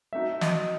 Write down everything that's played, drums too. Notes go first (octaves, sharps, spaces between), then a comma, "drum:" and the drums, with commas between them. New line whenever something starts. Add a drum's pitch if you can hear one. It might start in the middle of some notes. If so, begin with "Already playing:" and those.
A3 C4 D#4 F#4 E5
D#5, drum: snare